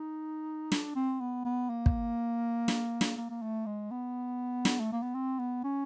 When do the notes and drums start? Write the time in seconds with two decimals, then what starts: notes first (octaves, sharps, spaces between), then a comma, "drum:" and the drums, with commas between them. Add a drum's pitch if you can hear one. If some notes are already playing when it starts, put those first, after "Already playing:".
Already playing: D#4
0.72 D4, drum: snare
0.96 C4
1.20 B3
1.45 B3
1.70 A#3
1.86 drum: kick
2.68 drum: snare
3.01 drum: snare
3.17 A#3
3.30 A#3
3.42 A3
3.66 G#3
3.91 B3
4.65 drum: snare
4.80 A3
4.92 A#3
5.02 B3
5.14 C4
5.39 B3
5.64 C#4